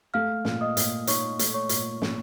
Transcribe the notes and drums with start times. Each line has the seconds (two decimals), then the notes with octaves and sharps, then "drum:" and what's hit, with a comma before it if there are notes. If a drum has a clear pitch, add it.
0.14 A3 F5 F6
0.45 A#2, drum: snare
0.61 D#5 D#6
0.77 A#2, drum: hi-hat
1.07 D#4 C#5 C#6, drum: hi-hat
1.39 A3, drum: hi-hat
1.54 C#5 C#6
1.69 A#2, drum: hi-hat
2.02 A#2, drum: snare